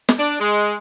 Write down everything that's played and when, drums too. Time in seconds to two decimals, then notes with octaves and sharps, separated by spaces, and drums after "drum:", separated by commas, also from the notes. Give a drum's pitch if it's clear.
0.09 drum: snare
0.18 D4
0.38 G#3